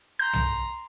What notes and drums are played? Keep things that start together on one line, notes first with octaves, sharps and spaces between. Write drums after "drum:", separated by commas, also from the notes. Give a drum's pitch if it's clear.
A#5 C6 G6
drum: tom